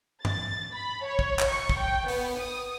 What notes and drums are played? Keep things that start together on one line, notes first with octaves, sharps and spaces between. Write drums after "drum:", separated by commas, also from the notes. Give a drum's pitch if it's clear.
A6, drum: tom
B5
C#5
drum: kick
drum: clap
C#6
drum: kick
G5
B3, drum: open hi-hat
D#6